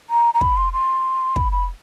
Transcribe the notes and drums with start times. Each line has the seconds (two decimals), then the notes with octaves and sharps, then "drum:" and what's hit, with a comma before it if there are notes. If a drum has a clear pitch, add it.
0.10 A#5
0.34 A#5
0.41 B5, drum: kick
0.57 C6
0.73 C6
1.36 B5, drum: kick
1.52 B5